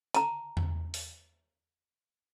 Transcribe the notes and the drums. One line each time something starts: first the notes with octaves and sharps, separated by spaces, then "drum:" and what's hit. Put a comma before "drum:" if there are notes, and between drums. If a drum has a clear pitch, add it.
A5 A#5, drum: hi-hat
drum: tom E2
drum: open hi-hat